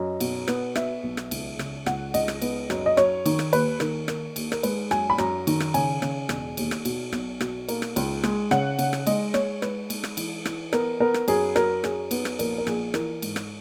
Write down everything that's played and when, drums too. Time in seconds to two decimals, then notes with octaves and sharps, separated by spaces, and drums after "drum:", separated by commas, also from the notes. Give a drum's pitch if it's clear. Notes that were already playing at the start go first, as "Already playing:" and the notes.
Already playing: F#2 D#5
0.20 B2, drum: cymbal
0.48 B3, drum: rim click
0.75 B3 E5, drum: rim click
1.03 B1
1.17 drum: rim click
1.31 C#2, drum: cymbal
1.59 C#3, drum: rim click
1.86 C#2 F#5, drum: rim click
2.14 C#2 D#5, drum: cymbal
2.28 drum: rim click
2.42 B3, drum: cymbal
2.70 F#2, drum: rim click
2.86 D#5
2.97 F#2 C#5, drum: rim click
3.26 D#3, drum: cymbal
3.39 drum: rim click
3.53 D#2 B4, drum: cymbal
3.80 D#3 A#4, drum: rim click
4.08 A#3 A#4, drum: rim click
4.36 D#2, drum: cymbal
4.52 A#4, drum: rim click
4.63 G#3 B4, drum: cymbal
4.91 F#2 G#5, drum: rim click
5.10 B5
5.18 F#2 A#5, drum: rim click
5.47 D#3, drum: cymbal
5.60 drum: rim click
5.74 C#3 G#5, drum: cymbal
6.02 C#3, drum: rim click
6.29 E1, drum: rim click
6.57 D#2, drum: cymbal
6.71 drum: rim click
6.85 B2, drum: cymbal
7.13 B1, drum: rim click
7.41 B2, drum: rim click
7.68 A#3, drum: cymbal
7.82 drum: rim click
7.96 C#2, drum: cymbal
8.23 G#3, drum: rim click
8.51 C#3 F#5, drum: rim click
8.79 C#3, drum: cymbal
8.93 drum: rim click
9.07 G#3 D#5, drum: cymbal
9.34 G#3 C#5, drum: rim click
9.62 G#3 B4, drum: rim click
9.90 G#3, drum: cymbal
10.04 drum: rim click
10.17 E3, drum: cymbal
10.45 E3, drum: rim click
10.73 B3 A#4, drum: rim click
11.00 B3 A#4
11.14 drum: rim click
11.28 F#2 G#4, drum: cymbal
11.56 F#3 A#4, drum: rim click
11.84 F#2 G#4, drum: rim click
12.11 B3, drum: cymbal
12.25 drum: rim click
12.39 A#1 A#4, drum: cymbal
12.58 A#4
12.67 A#1 G#4, drum: rim click
12.94 E3 A#4, drum: rim click
13.22 G#2, drum: cymbal
13.36 drum: rim click